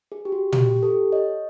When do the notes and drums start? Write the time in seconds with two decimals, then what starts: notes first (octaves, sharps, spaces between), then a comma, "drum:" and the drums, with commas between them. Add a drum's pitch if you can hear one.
0.12 G#4
0.25 G4
0.32 F#4
0.52 G4, drum: tom
0.83 G4 A4
1.12 C#5 D#5